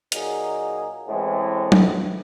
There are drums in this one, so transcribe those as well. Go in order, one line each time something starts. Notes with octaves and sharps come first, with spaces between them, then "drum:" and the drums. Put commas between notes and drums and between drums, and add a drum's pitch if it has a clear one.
A#2 F#3 A#3 D#4 G#4, drum: hi-hat
A1 A2 E3 G#3 C4
drum: tom F#3